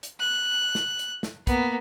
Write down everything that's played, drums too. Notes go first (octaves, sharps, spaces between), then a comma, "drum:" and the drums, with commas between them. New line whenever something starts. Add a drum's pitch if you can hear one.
drum: hi-hat
F#6
drum: snare
drum: hi-hat
drum: snare
A#3 B3, drum: kick, hi-hat